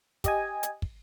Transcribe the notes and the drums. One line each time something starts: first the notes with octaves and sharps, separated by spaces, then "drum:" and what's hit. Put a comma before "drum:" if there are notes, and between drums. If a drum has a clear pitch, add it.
G4 D#5 G#5, drum: kick, hi-hat
drum: hi-hat
drum: kick